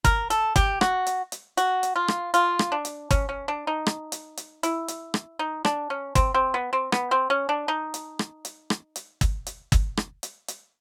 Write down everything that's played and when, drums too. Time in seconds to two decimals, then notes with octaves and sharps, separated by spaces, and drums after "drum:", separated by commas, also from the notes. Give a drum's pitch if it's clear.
0.04 A#4, drum: kick G1, hi-hat
0.30 A4, drum: hi-hat
0.56 G4, drum: kick G1, hi-hat
0.81 F#4, drum: rim click
1.06 drum: hi-hat
1.32 drum: hi-hat
1.57 F#4, drum: hi-hat
1.83 drum: hi-hat
1.96 F4
2.08 drum: rim click
2.34 F4, drum: hi-hat
2.59 drum: rim click
2.72 D4
2.85 drum: hi-hat
3.11 C#4, drum: kick G1, hi-hat
3.29 C#4
3.48 D4
3.67 D#4
3.86 drum: rim click
4.12 drum: hi-hat
4.37 drum: hi-hat
4.63 E4, drum: hi-hat
4.88 drum: hi-hat
5.14 drum: rim click
5.39 D#4
5.65 D4, drum: rim click
5.90 C#4
6.15 C4, drum: kick G1, hi-hat
6.34 C4
6.54 B3
6.73 C4
6.92 B3, drum: rim click
7.11 C4
7.30 C#4
7.49 D4
7.68 D#4
7.94 drum: hi-hat
8.19 drum: rim click
8.45 drum: hi-hat
8.70 drum: rim click
8.96 drum: hi-hat
9.21 drum: kick G1, hi-hat
9.46 drum: hi-hat
9.72 drum: kick G1, hi-hat
9.97 drum: rim click
10.23 drum: hi-hat
10.48 drum: hi-hat